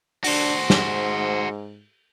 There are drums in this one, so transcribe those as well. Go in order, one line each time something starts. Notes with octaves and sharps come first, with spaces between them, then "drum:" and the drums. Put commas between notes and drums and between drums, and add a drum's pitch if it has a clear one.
D4 F#4 C5, drum: open hi-hat
G#2, drum: snare